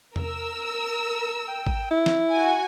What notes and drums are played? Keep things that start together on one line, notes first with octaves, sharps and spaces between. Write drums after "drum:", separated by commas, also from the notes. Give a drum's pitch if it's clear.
A#4 E6, drum: tom E2
G5
drum: kick G#1
E4
drum: snare
F#4 G#5